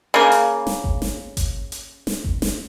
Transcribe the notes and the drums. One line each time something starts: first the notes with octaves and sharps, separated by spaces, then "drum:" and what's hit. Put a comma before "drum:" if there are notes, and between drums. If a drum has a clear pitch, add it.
C#3 A#3
drum: hi-hat
drum: snare
drum: kick G1
drum: snare
drum: kick G1, hi-hat
drum: hi-hat
drum: snare
drum: kick G1
drum: snare